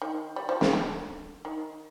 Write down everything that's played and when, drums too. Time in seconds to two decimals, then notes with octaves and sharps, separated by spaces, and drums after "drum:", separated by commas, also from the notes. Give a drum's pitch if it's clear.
0.02 D#3
0.36 G3
0.49 F3
0.61 D#3, drum: snare
0.73 D3
1.45 D#3